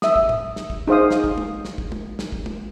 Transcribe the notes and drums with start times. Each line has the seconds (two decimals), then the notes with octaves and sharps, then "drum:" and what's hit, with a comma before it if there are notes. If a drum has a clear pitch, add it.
0.02 E5 D#6, drum: snare
0.16 drum: kick
0.29 drum: tom
0.56 drum: snare
0.70 drum: kick
0.87 D#4 G#4 C5 F5 D#6
1.11 drum: snare
1.24 drum: kick
1.38 drum: tom
1.65 drum: snare
1.78 drum: kick
1.92 drum: tom
2.19 drum: snare
2.32 drum: kick
2.46 drum: tom